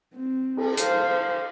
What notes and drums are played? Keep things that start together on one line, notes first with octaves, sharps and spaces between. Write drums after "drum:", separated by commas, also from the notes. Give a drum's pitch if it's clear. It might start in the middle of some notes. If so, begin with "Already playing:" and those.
C4
drum: cymbal
C5 F5, drum: hi-hat